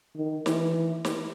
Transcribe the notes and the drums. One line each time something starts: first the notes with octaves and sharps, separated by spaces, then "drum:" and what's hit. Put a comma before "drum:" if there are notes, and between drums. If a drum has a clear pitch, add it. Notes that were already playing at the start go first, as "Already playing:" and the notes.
D#3
E3, drum: snare
drum: snare